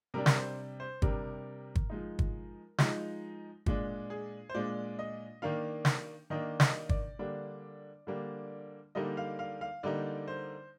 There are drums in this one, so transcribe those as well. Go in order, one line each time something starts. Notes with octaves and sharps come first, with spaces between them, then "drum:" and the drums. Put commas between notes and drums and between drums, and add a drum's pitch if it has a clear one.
C3 G3 D4 A#4
A#4, drum: snare
C5
C5
C3 G3 D4 A#4, drum: kick
drum: kick
F3 G#3 D#4
drum: kick
F3 G#3 D#4, drum: snare
A#2 G#3 D4, drum: kick
G#4
C5
A#2 G#3 D4 D5
D#5
D#3 A#3 D4 F5
drum: snare
D#3 A#3 D4 D#5
D#5, drum: snare
D5, drum: kick
D3 G3 A#3 D4
D3 G3 A#3 D4
D3 G3 A#3 D#4 D#5
F5
F5
F5
D3 G3 A#3 D#4 D5
C5